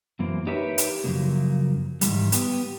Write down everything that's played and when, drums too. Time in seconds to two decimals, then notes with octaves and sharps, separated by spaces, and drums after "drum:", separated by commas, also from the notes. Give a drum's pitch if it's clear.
0.19 F#2 E3 A#3 C4
0.47 D#4 G4 A#4 B4 C#5 E5
0.78 drum: hi-hat
1.04 F#2 C#3 F3 F#3 A#3
2.01 G#2 D#3 E3 G3, drum: hi-hat
2.32 B3 G4, drum: hi-hat